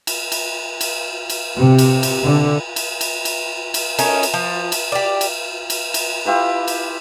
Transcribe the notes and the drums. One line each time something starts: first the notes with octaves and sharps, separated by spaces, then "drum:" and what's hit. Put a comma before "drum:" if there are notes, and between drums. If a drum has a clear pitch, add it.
drum: cymbal
drum: cymbal
drum: cymbal
drum: cymbal
C3
drum: cymbal
drum: cymbal
D3
drum: cymbal
drum: cymbal
drum: cymbal
drum: cymbal
A3 C#4 D#4 A#4, drum: cymbal
drum: cymbal
F3
drum: cymbal
G4 D5
drum: cymbal
drum: cymbal
drum: cymbal
E4 F4 G4 B4
drum: cymbal